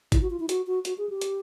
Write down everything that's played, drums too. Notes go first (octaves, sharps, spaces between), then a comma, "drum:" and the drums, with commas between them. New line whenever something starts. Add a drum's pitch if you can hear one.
E4, drum: kick G#1, hi-hat
F#4
F4
E4
F#4, drum: hi-hat
F#4
F#4, drum: hi-hat
G#4
G4
drum: hi-hat